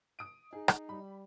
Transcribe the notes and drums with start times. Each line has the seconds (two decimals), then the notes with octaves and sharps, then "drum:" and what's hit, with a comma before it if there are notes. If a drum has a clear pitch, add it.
0.19 D#6 D7
0.53 D#4 G#4
0.68 drum: rim click
0.89 G3 B5